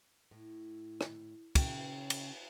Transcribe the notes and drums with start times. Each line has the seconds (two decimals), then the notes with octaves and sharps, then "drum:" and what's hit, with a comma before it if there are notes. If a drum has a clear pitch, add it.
0.31 A2
1.01 drum: rim click
1.55 C#3 C#4 G5, drum: kick, cymbal
2.10 drum: cymbal